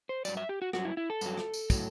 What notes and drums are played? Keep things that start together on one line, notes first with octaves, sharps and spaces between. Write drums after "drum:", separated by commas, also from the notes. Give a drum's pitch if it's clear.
C5
G2 F#3 D5, drum: tambourine
E5
G4
F#4
G2 F#3 F#4, drum: rim click
E4
E4
A4
G2 F#3, drum: tambourine
drum: rim click
drum: tambourine
A2 F#3, drum: kick, tambourine